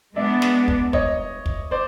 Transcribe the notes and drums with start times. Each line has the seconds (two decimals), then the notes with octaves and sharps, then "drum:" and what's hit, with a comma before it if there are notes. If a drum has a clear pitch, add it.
0.16 G#3 B3 D4 D5 E5
0.42 drum: snare
0.68 drum: kick
0.93 C#5 D#5, drum: kick
1.46 drum: kick
1.71 C5 D5